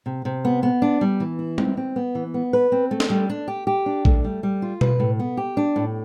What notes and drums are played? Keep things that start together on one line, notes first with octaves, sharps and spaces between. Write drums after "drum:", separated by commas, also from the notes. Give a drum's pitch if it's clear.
C3
C3
B3
B3
D4
G3
E3
E4
C4, drum: tom G3
C4
B3
E3
B3
B4
C4
A3
drum: snare
G3
D4
G4
G4
D4
A3, drum: kick A#1
G3
G3
F4
B4, drum: tom B2
A2
B3
G4
D4
A2